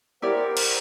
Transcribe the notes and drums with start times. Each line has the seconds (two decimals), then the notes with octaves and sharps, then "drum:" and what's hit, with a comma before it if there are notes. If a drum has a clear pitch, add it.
0.22 E4 G4 A#4 C5 D5 F#5
0.57 drum: cymbal